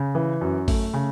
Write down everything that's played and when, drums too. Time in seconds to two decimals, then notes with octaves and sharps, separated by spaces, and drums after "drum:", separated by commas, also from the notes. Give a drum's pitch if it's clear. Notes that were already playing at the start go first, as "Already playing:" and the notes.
Already playing: C#3
0.15 E3
0.41 F#2
0.68 A3, drum: kick G#1, open hi-hat
0.93 C#3